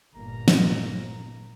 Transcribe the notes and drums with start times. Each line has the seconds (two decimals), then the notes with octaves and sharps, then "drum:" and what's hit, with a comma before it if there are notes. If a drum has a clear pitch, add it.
0.16 G1 A#2 A#3 A#5
0.48 drum: snare